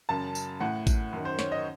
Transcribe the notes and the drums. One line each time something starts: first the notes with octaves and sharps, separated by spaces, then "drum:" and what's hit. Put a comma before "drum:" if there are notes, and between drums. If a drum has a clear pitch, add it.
F#2 C#3 A5
drum: tambourine
A2 F#5
drum: kick A1, tambourine
F#2 D#3
C5
C#5, drum: snare
D#5